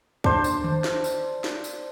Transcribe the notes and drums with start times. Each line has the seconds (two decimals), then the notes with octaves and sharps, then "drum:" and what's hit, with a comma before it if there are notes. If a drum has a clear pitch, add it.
0.24 D4 C5, drum: kick
0.44 drum: tambourine
0.64 drum: tom D3
0.84 drum: snare
1.04 drum: tambourine
1.44 drum: snare
1.64 drum: tambourine